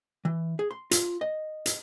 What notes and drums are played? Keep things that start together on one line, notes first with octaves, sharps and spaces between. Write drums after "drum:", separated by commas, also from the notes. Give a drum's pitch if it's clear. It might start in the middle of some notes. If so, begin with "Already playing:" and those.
E3
G#4
C6
F4, drum: hi-hat
D#5
drum: hi-hat